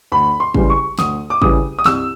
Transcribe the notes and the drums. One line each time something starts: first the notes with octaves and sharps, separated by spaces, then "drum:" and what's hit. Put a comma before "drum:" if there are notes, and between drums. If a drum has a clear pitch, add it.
D2 B5
C6
C#3 E3 G3, drum: kick G#1
C#6
D2 D#6, drum: snare
D6
C#3 E3 G3 D#6, drum: kick G#1
D#6
C2 E6, drum: snare